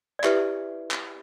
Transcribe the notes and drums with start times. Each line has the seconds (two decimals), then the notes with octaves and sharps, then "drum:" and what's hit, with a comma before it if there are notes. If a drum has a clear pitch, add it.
0.19 D5
0.24 E4 G4 B4 E5, drum: clap
0.91 drum: clap